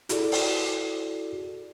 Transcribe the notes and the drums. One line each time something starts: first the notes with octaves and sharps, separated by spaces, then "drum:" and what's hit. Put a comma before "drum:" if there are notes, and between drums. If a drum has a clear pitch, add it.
E4 F#4 G#4 A4 D5, drum: hi-hat
drum: open hi-hat